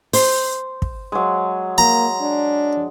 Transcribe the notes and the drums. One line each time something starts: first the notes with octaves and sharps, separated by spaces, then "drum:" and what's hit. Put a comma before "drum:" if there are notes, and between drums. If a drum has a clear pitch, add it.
C5, drum: open hi-hat
drum: kick
F#3 G#3
A#3 A#5
D4